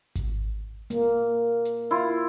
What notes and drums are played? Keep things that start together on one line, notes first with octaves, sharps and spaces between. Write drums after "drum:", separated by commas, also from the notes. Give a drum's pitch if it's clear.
drum: kick G#1, hi-hat
A#3, drum: hi-hat
drum: hi-hat
E4 F4